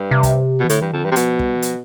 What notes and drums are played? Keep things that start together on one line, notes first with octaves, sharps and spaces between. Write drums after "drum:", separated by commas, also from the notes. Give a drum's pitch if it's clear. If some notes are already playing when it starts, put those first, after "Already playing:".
Already playing: G2
C3
drum: kick, hi-hat
B2 E3
A2 D3, drum: hi-hat
G2 E3
F2 D3
G2 E3
C3
B2 F3, drum: hi-hat
G3, drum: kick
E3
F3, drum: hi-hat